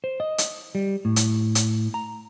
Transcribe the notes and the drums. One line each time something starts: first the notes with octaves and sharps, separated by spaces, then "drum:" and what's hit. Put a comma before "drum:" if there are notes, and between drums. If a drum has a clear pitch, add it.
C5
D#5
drum: hi-hat
G3
A2
drum: hi-hat
drum: hi-hat
A#5